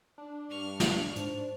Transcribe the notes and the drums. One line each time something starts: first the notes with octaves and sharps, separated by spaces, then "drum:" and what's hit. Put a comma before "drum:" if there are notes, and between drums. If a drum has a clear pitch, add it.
D4
G2 C#6 F6
drum: snare
G#2 C5, drum: hi-hat